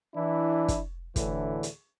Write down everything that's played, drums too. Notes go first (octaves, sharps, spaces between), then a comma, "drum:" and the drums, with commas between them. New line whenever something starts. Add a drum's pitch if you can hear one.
E3 D4 E4
drum: kick, hi-hat
D2 A2 D3 E3, drum: kick, hi-hat
drum: hi-hat